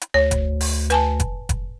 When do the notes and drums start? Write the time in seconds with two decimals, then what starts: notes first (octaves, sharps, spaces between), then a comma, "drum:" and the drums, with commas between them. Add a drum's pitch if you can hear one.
0.01 drum: hi-hat
0.14 D2 C#5
0.31 drum: kick F1, hi-hat
0.61 drum: open hi-hat
0.90 B4 G#5 A5, drum: hi-hat
1.20 drum: kick F1, hi-hat
1.49 drum: kick F1, hi-hat